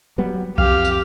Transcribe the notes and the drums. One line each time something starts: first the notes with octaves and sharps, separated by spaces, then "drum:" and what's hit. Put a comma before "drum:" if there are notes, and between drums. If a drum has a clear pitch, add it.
F#3 G3 B3
F2 G4 F5, drum: kick B1
drum: tambourine